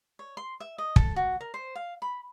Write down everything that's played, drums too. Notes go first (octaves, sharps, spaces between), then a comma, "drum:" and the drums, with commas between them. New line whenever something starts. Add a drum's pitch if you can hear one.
C#5
C6
E5
D#5
A4, drum: kick
F#4
A#4
C5
F5
B5